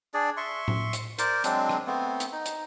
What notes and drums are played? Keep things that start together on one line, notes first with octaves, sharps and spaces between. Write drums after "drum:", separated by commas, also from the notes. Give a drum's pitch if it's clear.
D4 G#4 D5
E5 C6 C#6
drum: tom A2
drum: hi-hat
A#4 C5 D5, drum: hi-hat
F#3 G#3 C4 D4, drum: hi-hat
drum: rim click
A3 B3 C4
drum: hi-hat
D#4
drum: hi-hat